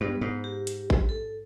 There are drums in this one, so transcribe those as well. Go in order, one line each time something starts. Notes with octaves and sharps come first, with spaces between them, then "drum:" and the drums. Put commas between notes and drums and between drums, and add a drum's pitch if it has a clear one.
G2 B3
G#2
G4
drum: hi-hat
drum: kick A1
A4